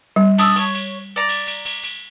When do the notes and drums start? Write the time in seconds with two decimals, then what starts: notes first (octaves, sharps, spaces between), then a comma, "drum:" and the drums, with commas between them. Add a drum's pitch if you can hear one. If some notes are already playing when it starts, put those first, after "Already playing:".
0.16 G3
0.38 D4 D#6 E6, drum: cymbal
0.56 C#5, drum: cymbal
0.75 drum: cymbal
1.16 D5 A#5
1.29 drum: cymbal
1.47 drum: cymbal
1.65 drum: cymbal
1.84 drum: cymbal